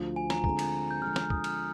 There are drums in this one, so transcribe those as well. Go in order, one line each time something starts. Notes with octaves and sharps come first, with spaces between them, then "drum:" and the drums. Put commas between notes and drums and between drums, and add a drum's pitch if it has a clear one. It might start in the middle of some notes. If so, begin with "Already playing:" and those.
Already playing: D2 D3 F3
G#5
A#5, drum: snare
D3 G#3 C4 F4 A#5, drum: kick
drum: cymbal
G6
D3 F3 G#3 F6
drum: snare
D#6, drum: kick
F6, drum: cymbal